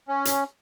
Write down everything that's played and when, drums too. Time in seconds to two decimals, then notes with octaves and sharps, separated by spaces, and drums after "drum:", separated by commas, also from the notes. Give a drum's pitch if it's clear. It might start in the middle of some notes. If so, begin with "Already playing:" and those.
0.08 C#4
0.25 drum: hi-hat